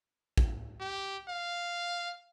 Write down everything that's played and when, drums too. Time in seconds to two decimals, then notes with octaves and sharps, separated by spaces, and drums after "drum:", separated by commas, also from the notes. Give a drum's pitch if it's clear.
0.38 drum: kick
0.80 G4
1.28 F5